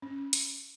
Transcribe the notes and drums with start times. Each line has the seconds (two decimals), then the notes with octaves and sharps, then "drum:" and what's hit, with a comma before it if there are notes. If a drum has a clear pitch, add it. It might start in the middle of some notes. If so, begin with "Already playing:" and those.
0.02 C#4
0.33 drum: hi-hat